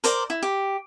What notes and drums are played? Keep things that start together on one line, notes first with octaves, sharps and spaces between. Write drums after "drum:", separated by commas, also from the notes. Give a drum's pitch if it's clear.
A#4 C5 D5, drum: hi-hat
E4
G4